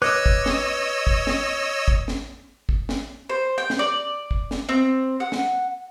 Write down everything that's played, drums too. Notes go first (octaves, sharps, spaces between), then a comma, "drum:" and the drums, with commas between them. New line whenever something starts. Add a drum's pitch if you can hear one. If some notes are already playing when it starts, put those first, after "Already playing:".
B4 C#5 D#5 D6 E6 F#6
drum: kick
drum: snare
drum: kick
drum: snare
drum: kick
drum: snare
drum: kick
drum: snare
C5
G5
drum: snare
D5
drum: kick
drum: snare
C4
F#5
drum: snare